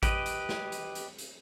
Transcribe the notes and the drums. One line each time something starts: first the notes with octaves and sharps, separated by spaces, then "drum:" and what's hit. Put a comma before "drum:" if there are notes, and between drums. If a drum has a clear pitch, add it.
G4 B4 D#5, drum: kick A1, hi-hat
drum: hi-hat
drum: snare
drum: hi-hat
drum: hi-hat
drum: hi-hat